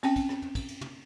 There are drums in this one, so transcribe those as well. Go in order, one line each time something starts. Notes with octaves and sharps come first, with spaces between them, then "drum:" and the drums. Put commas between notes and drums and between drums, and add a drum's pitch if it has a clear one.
C4 C#4 G5, drum: cymbal
drum: kick, cymbal
drum: rim click
drum: tom
drum: kick, cymbal
drum: cymbal
drum: tom